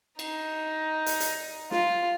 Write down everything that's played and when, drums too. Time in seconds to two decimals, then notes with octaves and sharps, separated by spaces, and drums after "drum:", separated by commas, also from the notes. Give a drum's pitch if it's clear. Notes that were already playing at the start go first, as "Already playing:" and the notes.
0.19 D#4, drum: cymbal
1.06 drum: hi-hat
1.20 drum: hi-hat
1.71 F4, drum: snare